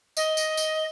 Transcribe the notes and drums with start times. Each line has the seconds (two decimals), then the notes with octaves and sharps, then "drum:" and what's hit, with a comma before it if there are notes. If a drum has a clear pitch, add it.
0.17 D#5, drum: tambourine
0.37 drum: tambourine
0.57 drum: tambourine